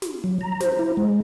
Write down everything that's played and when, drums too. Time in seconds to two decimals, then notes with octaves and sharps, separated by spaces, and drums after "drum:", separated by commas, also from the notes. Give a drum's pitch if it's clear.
0.02 drum: snare
0.24 F#3
0.41 A#5
0.60 C5, drum: snare
0.79 E4
0.97 G#3